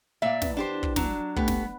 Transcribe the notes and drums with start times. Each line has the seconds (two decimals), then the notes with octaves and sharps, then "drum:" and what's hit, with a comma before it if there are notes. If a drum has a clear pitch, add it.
0.22 A#2 A#3 D5 E5 F5
0.42 E2 B3, drum: snare
0.57 D4 G4 C5
0.83 drum: kick
0.96 F#3 D4, drum: snare
1.36 A3 B3 G4, drum: kick
1.48 drum: snare